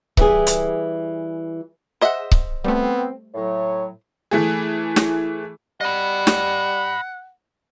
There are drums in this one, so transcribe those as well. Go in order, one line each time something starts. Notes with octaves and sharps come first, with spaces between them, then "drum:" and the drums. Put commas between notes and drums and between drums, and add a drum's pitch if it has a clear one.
E3 G3 G#4, drum: kick C#1
drum: hi-hat
G#4 C5 D#5 E5 F#5
drum: kick C#1
G3 A3 B3 C4
A2 F#3 C#5
E3 A3 G#4
drum: snare
G3 D#5 F#5 B5
drum: snare